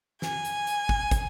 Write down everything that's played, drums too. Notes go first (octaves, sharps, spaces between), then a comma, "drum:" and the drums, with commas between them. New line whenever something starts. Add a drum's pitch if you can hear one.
G#5, drum: snare
drum: hi-hat
drum: hi-hat
drum: kick
drum: kick, hi-hat